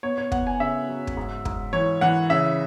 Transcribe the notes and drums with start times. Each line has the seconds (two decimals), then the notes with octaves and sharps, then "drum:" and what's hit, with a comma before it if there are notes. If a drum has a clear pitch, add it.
0.03 B3 C#5
0.18 C#5
0.32 B3 F#5, drum: kick
0.47 G#5
0.60 C#3 E5
0.89 F#3
1.07 drum: kick
1.17 G#2
1.45 G#2, drum: kick
1.73 E3 C#5
2.01 E3 F#5
2.30 C#3 E5